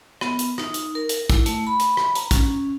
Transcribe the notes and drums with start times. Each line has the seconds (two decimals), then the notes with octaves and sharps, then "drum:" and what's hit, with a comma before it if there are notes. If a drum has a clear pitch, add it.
0.21 B3, drum: rim click
0.39 drum: hi-hat
0.58 D#4, drum: rim click
0.74 drum: hi-hat
0.95 A#4
1.09 drum: hi-hat
1.30 E4, drum: kick, hi-hat
1.46 A3, drum: hi-hat
1.67 B5
1.80 drum: hi-hat
1.97 drum: rim click
2.15 A#5, drum: hi-hat
2.31 C#4, drum: kick, hi-hat